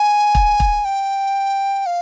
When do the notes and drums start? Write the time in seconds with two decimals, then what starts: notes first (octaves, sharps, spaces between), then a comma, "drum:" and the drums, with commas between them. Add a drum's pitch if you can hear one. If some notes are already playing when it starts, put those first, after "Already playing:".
Already playing: G#5
0.35 drum: kick
0.60 drum: kick
0.85 G5
1.86 F5